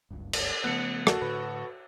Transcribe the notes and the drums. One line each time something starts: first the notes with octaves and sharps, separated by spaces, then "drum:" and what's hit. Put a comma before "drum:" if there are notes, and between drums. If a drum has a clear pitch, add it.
F#1 C#2 G2
drum: cymbal
C#3 F3 A3 B3 F#6 C#7
F#4 A4, drum: rim click
A2 D3 B4